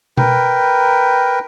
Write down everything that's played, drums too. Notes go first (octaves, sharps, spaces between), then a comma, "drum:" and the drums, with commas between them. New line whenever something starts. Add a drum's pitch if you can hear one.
A#4 B4 G5, drum: tom B2